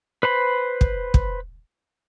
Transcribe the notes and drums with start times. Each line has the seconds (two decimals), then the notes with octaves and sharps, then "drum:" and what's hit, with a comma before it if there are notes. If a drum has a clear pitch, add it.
0.23 B4 C5 B5
0.81 drum: kick
1.14 drum: kick